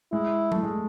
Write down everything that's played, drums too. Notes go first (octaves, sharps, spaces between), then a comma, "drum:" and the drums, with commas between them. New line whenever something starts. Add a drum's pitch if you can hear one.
G#3 E4
A3, drum: tom F#3
G#3